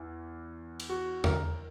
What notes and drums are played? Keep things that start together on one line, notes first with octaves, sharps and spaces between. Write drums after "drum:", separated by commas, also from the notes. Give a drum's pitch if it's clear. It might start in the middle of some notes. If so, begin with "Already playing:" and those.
Already playing: E2 E3
drum: cymbal
F#4
A#4, drum: tom E2